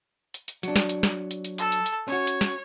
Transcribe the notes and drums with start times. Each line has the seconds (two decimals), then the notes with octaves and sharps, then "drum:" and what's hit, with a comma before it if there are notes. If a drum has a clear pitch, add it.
0.34 drum: hi-hat
0.48 drum: hi-hat
0.63 F#3 D4, drum: hi-hat
0.76 drum: snare
0.89 drum: hi-hat
1.03 drum: snare
1.31 drum: hi-hat
1.45 drum: hi-hat
1.58 A4, drum: hi-hat
1.72 drum: hi-hat
1.86 drum: hi-hat
2.08 C#4 F#4 C#5
2.27 drum: hi-hat
2.41 drum: snare